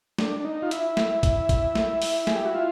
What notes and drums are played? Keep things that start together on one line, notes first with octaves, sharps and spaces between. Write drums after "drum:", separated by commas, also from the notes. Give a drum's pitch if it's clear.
D4, drum: snare
D4
D#4
F4
E4, drum: hi-hat
drum: snare
drum: kick A#1, hi-hat
drum: kick A#1, hi-hat
drum: snare
drum: open hi-hat
G#4, drum: snare
G4
F#4
F4